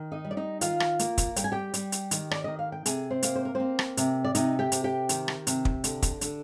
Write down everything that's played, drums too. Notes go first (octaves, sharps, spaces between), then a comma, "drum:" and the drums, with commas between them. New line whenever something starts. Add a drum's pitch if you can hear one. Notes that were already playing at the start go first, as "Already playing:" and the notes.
Already playing: D#3
D#4 D#5
G3
D5
D#4 D#5
D#3 F4 F5, drum: hi-hat
drum: rim click
A#3, drum: hi-hat
drum: kick, hi-hat
G3 G5, drum: hi-hat
G#5
G4 G5
G3, drum: hi-hat
drum: hi-hat
D#3, drum: hi-hat
D5, drum: rim click
D#3 D#5
F5
G5
C3 G#4 G#5, drum: hi-hat
C4 C5
A#3, drum: hi-hat
C5
A#4
A#3 C4 C5
drum: rim click
C3, drum: hi-hat
D5
C3 D#4 D#5, drum: hi-hat
G4 G5
C3, drum: hi-hat
G4 G5
D#3, drum: hi-hat
drum: rim click
C3, drum: hi-hat
drum: kick
D3, drum: hi-hat
drum: kick, hi-hat
D3, drum: hi-hat